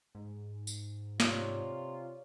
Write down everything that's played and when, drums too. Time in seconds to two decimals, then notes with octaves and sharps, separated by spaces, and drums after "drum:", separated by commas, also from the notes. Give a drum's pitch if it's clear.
0.15 G#2
0.67 drum: tambourine
1.20 C3 F4 C#5 D5 F5, drum: snare